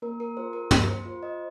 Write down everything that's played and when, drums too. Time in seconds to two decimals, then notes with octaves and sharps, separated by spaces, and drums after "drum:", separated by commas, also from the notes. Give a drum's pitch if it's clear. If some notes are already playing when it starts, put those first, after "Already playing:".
0.02 A#3 A#4
0.20 A#4
0.37 F4 G#4 C5
0.53 A#4
0.71 A#3 C5, drum: tom
0.88 C5
1.05 F4 G#4 C5
1.23 D#5